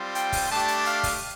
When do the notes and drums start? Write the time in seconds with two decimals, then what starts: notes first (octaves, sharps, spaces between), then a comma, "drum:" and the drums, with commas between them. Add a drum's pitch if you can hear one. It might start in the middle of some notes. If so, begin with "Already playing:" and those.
Already playing: G3 C4 F4
0.15 G5, drum: hi-hat
0.32 drum: kick, open hi-hat
0.50 A3 D4 G4 A5
0.68 drum: hi-hat
0.85 F5, drum: hi-hat
1.03 drum: kick, open hi-hat